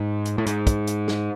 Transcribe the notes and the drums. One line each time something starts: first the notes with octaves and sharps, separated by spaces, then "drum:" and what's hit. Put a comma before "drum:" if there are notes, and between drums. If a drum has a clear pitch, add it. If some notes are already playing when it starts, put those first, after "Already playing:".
Already playing: G#2
drum: hi-hat
A2
G#2, drum: hi-hat
drum: kick, hi-hat
drum: hi-hat
drum: snare